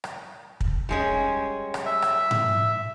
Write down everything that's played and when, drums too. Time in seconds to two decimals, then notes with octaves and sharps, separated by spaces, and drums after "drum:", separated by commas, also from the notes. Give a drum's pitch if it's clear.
0.04 drum: rim click
0.61 drum: kick
0.89 G3 G#3 C#4
1.74 drum: rim click
1.86 E5
2.02 drum: rim click
2.31 drum: tom G#2